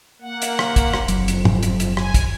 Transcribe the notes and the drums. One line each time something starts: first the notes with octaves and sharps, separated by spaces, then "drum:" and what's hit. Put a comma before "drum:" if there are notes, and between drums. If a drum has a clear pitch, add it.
A#3 F#5
drum: hi-hat
drum: rim click
drum: kick, hi-hat
drum: rim click
F#1 F2 F#3, drum: hi-hat
drum: hi-hat
drum: tom
drum: hi-hat
drum: hi-hat
G#5, drum: rim click
drum: kick, hi-hat